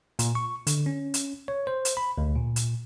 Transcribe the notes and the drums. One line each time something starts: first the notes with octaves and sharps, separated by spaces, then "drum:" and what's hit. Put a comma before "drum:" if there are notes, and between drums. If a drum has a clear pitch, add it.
A#2, drum: hi-hat
C#6
D3, drum: hi-hat
C#4
drum: hi-hat
C#5
C5
drum: hi-hat
B5
D2
A#2
drum: hi-hat